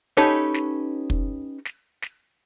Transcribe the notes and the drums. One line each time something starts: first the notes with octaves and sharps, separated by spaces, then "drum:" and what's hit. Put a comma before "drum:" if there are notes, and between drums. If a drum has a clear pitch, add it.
C#4 D#4 G4 A4 B4 C#5, drum: snare
drum: snare
drum: kick
drum: snare
drum: snare